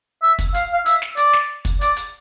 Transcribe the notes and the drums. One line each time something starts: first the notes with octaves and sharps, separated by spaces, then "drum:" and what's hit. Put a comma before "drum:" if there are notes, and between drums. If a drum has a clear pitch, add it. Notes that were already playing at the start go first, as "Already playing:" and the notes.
E5
drum: kick, hi-hat
F5, drum: hi-hat
F5
E5, drum: hi-hat
drum: snare
D5, drum: hi-hat
drum: snare
drum: kick, hi-hat
D5, drum: hi-hat
drum: hi-hat